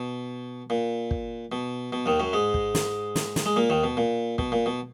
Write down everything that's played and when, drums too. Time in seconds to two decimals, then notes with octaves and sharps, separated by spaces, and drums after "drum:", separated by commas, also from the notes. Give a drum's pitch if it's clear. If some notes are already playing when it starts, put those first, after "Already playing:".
Already playing: B2
0.70 A#2
1.11 drum: kick
1.52 B2
1.93 B2
2.06 D#2 D#3
2.20 F#2 F#3
2.33 G#2 G#3
2.54 drum: kick
2.75 drum: snare
3.16 drum: snare
3.36 drum: snare
3.46 G#3
3.56 A#2 A#3
3.70 D#2 D#3
3.84 B2
3.97 A#2
4.38 B2, drum: kick
4.52 A#2
4.66 B2